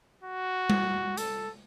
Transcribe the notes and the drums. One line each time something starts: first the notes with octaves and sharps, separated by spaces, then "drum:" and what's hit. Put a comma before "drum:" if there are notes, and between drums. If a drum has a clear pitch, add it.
F#4
drum: tom G3
A4, drum: hi-hat